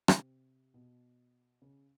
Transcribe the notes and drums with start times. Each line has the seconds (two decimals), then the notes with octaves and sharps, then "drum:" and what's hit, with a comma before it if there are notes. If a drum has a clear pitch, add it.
0.08 C3, drum: rim click
0.74 B2
1.62 C#3